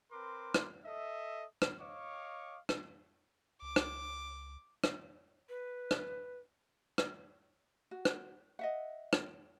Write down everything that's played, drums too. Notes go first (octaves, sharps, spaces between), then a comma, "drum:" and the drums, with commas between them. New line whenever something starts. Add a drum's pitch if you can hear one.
C4 A#4 B4 C6 D6
drum: rim click
A4 D#5 E5
drum: rim click
C#5 D#5 F5 C#6 D6
drum: rim click
C#2 D6
drum: rim click
drum: rim click
B4
drum: rim click
drum: rim click
F#4
drum: rim click
D#5 E5 F#5
drum: rim click